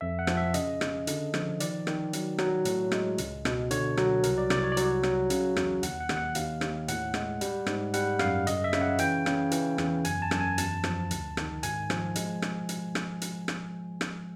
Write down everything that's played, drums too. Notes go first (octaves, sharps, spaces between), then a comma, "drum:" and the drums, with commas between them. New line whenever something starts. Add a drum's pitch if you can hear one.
F2 E5
F#5
F3, drum: rim click
E5
C#3 D#5, drum: hi-hat
C#3, drum: rim click
D3, drum: hi-hat
F3, drum: rim click
D#3 D5, drum: hi-hat
D#3, drum: rim click
F#3, drum: hi-hat
F#3, drum: rim click
A2, drum: hi-hat
G#3, drum: rim click
C#2, drum: hi-hat
B2, drum: rim click
D3 C#5, drum: hi-hat
F#3, drum: rim click
C2 A#4, drum: hi-hat
D5
C2 D5, drum: rim click
C#5
D5
F#3 C#5, drum: hi-hat
F#3, drum: rim click
C#3, drum: hi-hat
E2, drum: rim click
D#2 F#5, drum: hi-hat
F#5
D#2, drum: rim click
F#5
D#2 F5, drum: hi-hat
D#2, drum: rim click
A2 F#5, drum: hi-hat
G#3, drum: rim click
G3, drum: hi-hat
G#2, drum: rim click
G3 F#5, drum: hi-hat
F#2 F5, drum: rim click
C#3 D#5, drum: hi-hat
E5
C#3, drum: rim click
F#5
E3 G5, drum: hi-hat
C#3, drum: rim click
E3, drum: hi-hat
E2, drum: rim click
F#2 G#5, drum: hi-hat
A5
F#2, drum: rim click
G#5
E2 A5, drum: hi-hat
F3, drum: rim click
D2, drum: hi-hat
D#3, drum: rim click
G#2 G#5, drum: hi-hat
F3, drum: rim click
G#3, drum: hi-hat
drum: rim click
drum: hi-hat
drum: rim click
drum: hi-hat
drum: rim click
drum: rim click